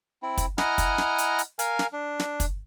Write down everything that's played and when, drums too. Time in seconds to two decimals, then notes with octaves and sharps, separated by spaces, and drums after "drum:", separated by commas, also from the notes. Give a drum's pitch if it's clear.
0.23 C4 E4
0.37 drum: kick, hi-hat
0.58 E4 D#5 F#5 G#5 A#5 F6, drum: snare
0.78 drum: kick, hi-hat
0.98 drum: snare
1.18 drum: hi-hat
1.39 drum: hi-hat
1.59 A#4 F5 G#5, drum: hi-hat
1.79 drum: snare
1.93 D4
2.20 drum: snare
2.40 drum: kick, hi-hat